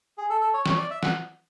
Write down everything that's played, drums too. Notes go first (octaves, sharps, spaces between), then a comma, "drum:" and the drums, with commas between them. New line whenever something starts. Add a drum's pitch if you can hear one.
G#4
A4
A4
C#5
C#5, drum: snare
D5
E5
F#5, drum: snare